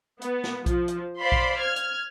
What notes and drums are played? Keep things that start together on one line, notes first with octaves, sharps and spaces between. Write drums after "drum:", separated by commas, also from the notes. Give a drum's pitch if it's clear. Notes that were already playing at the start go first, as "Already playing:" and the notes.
B3, drum: hi-hat
drum: snare
F3, drum: kick A#1, hi-hat
drum: hi-hat
C5 D5 F5 B5 C6
drum: kick A#1
F6 G#6
drum: hi-hat